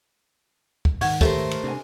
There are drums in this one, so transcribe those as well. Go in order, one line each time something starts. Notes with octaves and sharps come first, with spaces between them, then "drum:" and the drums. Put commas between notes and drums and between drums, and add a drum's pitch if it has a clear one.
drum: kick
G#2 D#3 F#5 C#6 G#6, drum: open hi-hat
A3 G4 A4 A#4 C5 C#5 E5, drum: kick
drum: cymbal
C3 D4 G#5